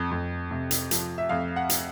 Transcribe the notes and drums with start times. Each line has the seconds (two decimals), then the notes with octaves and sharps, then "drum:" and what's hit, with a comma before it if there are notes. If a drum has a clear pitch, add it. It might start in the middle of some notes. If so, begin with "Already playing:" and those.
Already playing: F2
0.11 F2
0.51 C3
0.71 drum: hi-hat
0.91 F3, drum: hi-hat
1.18 E5
1.29 F2 F5
1.56 F#5
1.69 drum: hi-hat